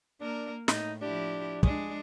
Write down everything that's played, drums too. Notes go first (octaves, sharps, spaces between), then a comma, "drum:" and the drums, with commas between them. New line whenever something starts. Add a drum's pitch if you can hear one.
A#3 D4 A#4
A2 D#4, drum: snare
F3 D4 E4 G4
G#3 D4 G#4, drum: kick